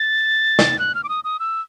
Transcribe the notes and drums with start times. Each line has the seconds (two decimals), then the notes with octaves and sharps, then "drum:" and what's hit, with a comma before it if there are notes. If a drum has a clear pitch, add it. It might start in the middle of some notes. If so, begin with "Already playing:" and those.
Already playing: A6
0.59 drum: snare
0.79 F#6
0.95 F6
1.04 D6
1.09 D#6
1.24 D#6
1.40 E6